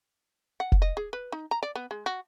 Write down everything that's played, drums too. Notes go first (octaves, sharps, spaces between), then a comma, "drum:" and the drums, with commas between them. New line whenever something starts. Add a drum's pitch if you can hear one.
F#5
drum: kick F1
D#5
G#4
B4
D#4
A#5
D5
B3
G#3
F#4